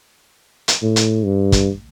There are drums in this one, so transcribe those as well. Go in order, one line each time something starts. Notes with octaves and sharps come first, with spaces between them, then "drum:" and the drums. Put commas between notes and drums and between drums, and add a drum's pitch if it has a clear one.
drum: hi-hat
A2
drum: hi-hat
G2
drum: kick, hi-hat